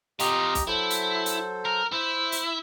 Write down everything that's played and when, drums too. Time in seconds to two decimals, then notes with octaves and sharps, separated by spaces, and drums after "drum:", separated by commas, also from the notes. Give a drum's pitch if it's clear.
0.20 C3 F4 G4 D#5 A#5, drum: hi-hat
0.55 drum: kick B1, hi-hat
0.67 F#3 E4 A4 C5
0.90 drum: hi-hat
1.26 drum: hi-hat
1.65 A#4
1.92 E4 C5 E5 E6
2.32 drum: hi-hat